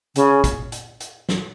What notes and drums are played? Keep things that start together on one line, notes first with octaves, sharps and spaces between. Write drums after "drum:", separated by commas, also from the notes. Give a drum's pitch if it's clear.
C#3, drum: hi-hat
drum: kick, hi-hat
drum: hi-hat
drum: hi-hat
drum: snare